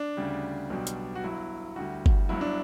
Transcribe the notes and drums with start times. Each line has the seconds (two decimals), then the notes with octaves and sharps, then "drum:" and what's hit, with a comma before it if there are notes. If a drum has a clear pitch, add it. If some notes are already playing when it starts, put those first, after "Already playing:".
Already playing: D4
0.17 D2 C#3 G3
0.70 B1 B2 G3
0.87 drum: hi-hat
1.15 F#4
1.24 G1 G2 F#3 E4
1.76 D2 D3 G3 F#4
2.06 drum: kick G1
2.29 G1 G2 F#3 E4
2.41 D4